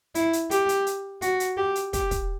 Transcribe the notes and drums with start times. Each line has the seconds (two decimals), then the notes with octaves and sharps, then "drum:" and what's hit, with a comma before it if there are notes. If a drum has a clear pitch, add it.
0.15 E4, drum: hi-hat
0.33 drum: hi-hat
0.51 G4, drum: hi-hat
0.69 drum: hi-hat
0.86 drum: hi-hat
1.22 F#4, drum: hi-hat
1.40 drum: hi-hat
1.57 G4
1.75 drum: hi-hat
1.93 G4, drum: kick, hi-hat
2.11 drum: kick, hi-hat